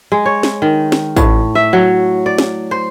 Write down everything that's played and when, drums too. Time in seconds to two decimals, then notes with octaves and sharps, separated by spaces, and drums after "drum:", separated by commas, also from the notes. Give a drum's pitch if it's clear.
0.12 G#3
0.26 C#5
0.43 drum: snare
0.62 D#3
0.92 drum: snare
1.17 A2, drum: kick A1, tambourine
1.55 E5
1.73 F#3
2.26 D5
2.38 drum: snare
2.71 C5